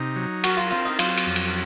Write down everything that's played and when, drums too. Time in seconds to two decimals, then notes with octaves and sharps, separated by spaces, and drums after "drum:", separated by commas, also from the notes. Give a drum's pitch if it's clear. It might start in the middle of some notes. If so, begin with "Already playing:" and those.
Already playing: C3 D#4
0.16 F#3
0.44 F#4 A#4, drum: cymbal
0.57 F4
0.71 C4 F4
0.85 D#4
0.99 F#3 F4, drum: cymbal
1.17 drum: cymbal
1.27 F2
1.36 drum: cymbal